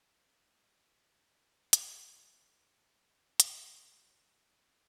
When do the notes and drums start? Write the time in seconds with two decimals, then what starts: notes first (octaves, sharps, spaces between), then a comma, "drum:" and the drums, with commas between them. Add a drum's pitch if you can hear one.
0.16 E4 B5
1.73 drum: hi-hat
3.40 C6, drum: hi-hat